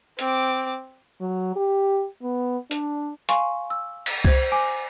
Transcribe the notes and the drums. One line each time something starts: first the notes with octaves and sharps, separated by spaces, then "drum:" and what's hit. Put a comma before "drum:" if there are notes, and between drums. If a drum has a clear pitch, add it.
C4 D6, drum: hi-hat
F#3
G4
B3
D4, drum: hi-hat
F5 G#5 C6 C#6, drum: hi-hat
E6
drum: cymbal
C5 G#6, drum: kick C2
G#5 D6 D7